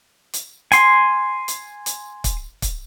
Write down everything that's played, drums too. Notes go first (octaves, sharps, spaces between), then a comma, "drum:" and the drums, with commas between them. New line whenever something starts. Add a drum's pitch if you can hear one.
drum: hi-hat
G#5 C6, drum: hi-hat
drum: hi-hat
drum: hi-hat
drum: kick, hi-hat
drum: kick, hi-hat